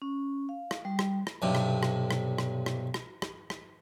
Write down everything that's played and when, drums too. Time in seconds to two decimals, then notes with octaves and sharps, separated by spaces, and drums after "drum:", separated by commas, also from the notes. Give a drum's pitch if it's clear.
0.02 C#4
0.49 F5
0.71 drum: rim click
0.85 G3
0.99 drum: rim click
1.27 drum: rim click
1.42 B1 G2 C3
1.55 drum: rim click
1.83 drum: rim click
2.11 drum: rim click
2.38 drum: rim click
2.66 drum: rim click
2.94 drum: rim click
3.22 drum: rim click
3.50 drum: rim click